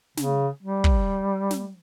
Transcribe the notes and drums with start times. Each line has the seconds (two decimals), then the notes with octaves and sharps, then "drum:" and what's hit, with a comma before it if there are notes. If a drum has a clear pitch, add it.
0.17 C#3, drum: snare
0.63 G3
0.84 drum: kick
1.51 drum: snare